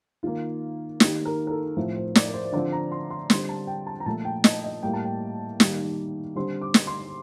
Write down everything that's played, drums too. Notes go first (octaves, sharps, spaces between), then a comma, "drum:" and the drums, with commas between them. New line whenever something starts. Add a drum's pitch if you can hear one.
D#3 A#3 F4
D#3 A#3 G4, drum: snare
A#4
A#4
A4
A2 F3 C4
C5
D5, drum: snare
A#4
C5
C5
D3 F3 C4 D5
A#5
C6
C6
D3 G3 C4 C6, drum: snare
A5
G5
A5
A#5
A#2 F3 A3 A5
G5
D#5, drum: snare
D#5
A2 G3 A#3 G5
A5
G5
D#3 G3 A#3, drum: snare
D3 G3 C4 C6
D6
drum: snare
C6